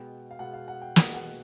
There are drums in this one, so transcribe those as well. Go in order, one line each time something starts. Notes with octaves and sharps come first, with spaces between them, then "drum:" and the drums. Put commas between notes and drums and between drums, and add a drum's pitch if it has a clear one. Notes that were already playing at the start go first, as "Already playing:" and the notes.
Already playing: B2 G#3 B3 G5
F5
B2 G#3 B3 F#5
F5
F#5
G5
B2 G#3 B3 F#5, drum: snare
F#5